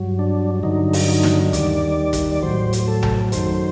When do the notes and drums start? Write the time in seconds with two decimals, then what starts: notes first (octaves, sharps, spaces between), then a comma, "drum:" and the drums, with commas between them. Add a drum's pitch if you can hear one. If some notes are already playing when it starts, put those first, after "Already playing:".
Already playing: G2 F#3
0.19 D4
0.63 G2 D3 F#3 D#4
0.93 drum: open hi-hat
1.08 D#4
1.23 drum: snare
1.53 D#2 D#3 G3 D5, drum: hi-hat
2.13 drum: kick, hi-hat
2.32 D5
2.42 A2 F#3 C5
2.73 drum: hi-hat
2.88 A4
3.03 drum: tom A#1
3.32 F#2 D#3 F#3 C5, drum: hi-hat